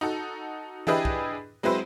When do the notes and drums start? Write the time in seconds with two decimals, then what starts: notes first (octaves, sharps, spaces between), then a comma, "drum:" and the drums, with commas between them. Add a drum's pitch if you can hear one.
0.01 D#4 F#4 A4
0.87 D4 E4 G4 G#4 B4 D#5, drum: tom E3
1.05 drum: kick
1.63 F#3 G#3 C4 E4 B4 C5